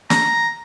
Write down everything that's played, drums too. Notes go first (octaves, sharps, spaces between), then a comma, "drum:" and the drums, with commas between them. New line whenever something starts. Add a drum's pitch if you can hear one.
A#5, drum: snare